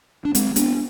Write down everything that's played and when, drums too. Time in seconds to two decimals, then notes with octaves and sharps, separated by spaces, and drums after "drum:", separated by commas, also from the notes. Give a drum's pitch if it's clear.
0.25 D4
0.35 G#3 C4, drum: hi-hat
0.56 B3 D4, drum: hi-hat